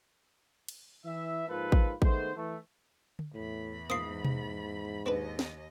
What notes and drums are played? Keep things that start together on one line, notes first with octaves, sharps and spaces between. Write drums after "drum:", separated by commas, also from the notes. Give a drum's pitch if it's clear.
drum: cymbal
E3 E5
G#2 F3 A#3 F4 A4 B4
drum: kick A1
D#3 G#3 A3 B3 C5, drum: kick A1
E3 A3
drum: tom D3
E2 A2 B5
G#2 A#3 C4 F4 D#6 C7
drum: tom B2
D#2 C4 D4 B4 D#5
drum: snare